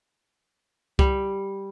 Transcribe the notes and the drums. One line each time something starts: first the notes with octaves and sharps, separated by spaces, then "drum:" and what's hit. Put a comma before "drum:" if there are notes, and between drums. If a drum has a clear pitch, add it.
G3, drum: kick C2